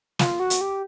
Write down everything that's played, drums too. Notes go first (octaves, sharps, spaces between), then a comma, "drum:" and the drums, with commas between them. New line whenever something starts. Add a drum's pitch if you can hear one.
F4, drum: snare
F#4
drum: hi-hat
G4